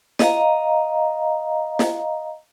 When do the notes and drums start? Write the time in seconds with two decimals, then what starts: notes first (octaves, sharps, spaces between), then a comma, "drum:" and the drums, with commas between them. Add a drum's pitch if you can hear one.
0.19 D#5 F5 A#5, drum: snare
1.79 drum: snare